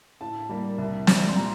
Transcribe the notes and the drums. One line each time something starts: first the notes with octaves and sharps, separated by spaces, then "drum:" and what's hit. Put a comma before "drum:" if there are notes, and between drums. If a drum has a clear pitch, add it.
A2 A5
G3 A#3
C2
C3 G3, drum: snare
C6
A#2 A#5